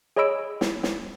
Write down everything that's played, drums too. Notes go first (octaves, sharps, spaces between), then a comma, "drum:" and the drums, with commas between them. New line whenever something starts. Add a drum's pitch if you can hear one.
G#4 C#5 D#5 B5 E6 D7
drum: snare
drum: snare